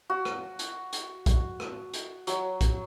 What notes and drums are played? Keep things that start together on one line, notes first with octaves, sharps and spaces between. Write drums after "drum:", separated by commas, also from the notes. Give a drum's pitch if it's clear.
F#4
drum: rim click
drum: hi-hat
drum: hi-hat
drum: kick A#1, hi-hat
drum: rim click
drum: hi-hat
F#3, drum: hi-hat
drum: kick A#1, hi-hat